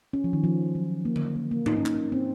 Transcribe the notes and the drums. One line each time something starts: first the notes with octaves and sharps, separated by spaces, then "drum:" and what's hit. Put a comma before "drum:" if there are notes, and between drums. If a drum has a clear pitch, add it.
C#4
F3
D#3
F3
F#3
A#3
drum: tom D3
A#3
A#3
D#4, drum: tom G#2
C#4
D#4, drum: clap
C#4
C4